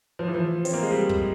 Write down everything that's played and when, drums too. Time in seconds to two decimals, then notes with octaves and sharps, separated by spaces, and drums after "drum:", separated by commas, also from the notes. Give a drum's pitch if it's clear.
0.19 F3
0.28 E3
0.34 F3
0.65 C4, drum: open hi-hat
0.73 A#3
0.83 G#3
0.91 G3
1.09 drum: kick